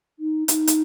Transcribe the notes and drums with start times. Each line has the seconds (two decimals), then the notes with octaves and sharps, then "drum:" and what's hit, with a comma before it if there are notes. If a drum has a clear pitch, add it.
0.19 D#4
0.48 D#4, drum: hi-hat
0.67 drum: hi-hat